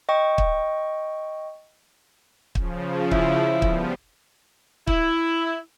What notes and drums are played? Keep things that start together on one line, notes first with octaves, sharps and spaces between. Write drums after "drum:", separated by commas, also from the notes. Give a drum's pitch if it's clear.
D#5 G5 C#6
drum: kick
C#3 F3, drum: kick
E4, drum: kick
F3 G3 B3, drum: kick
E4, drum: kick